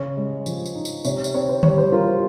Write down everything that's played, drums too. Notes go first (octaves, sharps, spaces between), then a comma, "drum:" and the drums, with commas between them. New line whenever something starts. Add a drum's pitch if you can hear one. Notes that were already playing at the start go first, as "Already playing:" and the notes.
Already playing: C#3 C#5
G#3
F3, drum: tambourine
drum: tambourine
D#4
drum: tambourine
C3 C#5, drum: tambourine
drum: tambourine
C4 C#5
C5
G3 C#5, drum: tom D3
C5
F4 A#4
G4